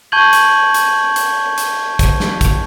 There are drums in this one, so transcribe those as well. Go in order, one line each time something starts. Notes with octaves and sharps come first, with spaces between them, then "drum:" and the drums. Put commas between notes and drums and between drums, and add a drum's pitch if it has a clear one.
A5 C#6 G6 G#6 F#7
drum: hi-hat
drum: hi-hat
drum: hi-hat
drum: hi-hat
drum: kick, hi-hat
drum: snare
drum: kick, hi-hat